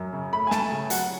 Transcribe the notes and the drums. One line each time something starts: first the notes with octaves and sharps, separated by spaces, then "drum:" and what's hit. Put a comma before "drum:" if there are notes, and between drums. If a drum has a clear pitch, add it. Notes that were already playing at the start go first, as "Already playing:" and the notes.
Already playing: F#2
C#3
A3 B5
G#5
A3 A5, drum: snare
C#3 G#5
F#3 F#5, drum: hi-hat